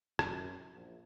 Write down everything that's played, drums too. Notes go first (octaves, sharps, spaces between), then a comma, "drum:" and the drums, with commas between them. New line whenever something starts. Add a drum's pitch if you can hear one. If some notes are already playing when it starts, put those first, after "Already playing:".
F#2, drum: rim click
A#1